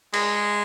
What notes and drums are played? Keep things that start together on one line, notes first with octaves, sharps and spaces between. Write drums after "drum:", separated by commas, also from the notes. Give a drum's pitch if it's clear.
G#3, drum: cymbal